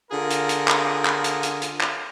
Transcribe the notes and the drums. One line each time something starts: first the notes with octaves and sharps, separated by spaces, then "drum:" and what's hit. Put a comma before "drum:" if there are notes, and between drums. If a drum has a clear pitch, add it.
D3 F4 G#4 A#4
drum: hi-hat
drum: hi-hat
drum: clap
drum: clap
drum: hi-hat
drum: hi-hat
drum: hi-hat
drum: clap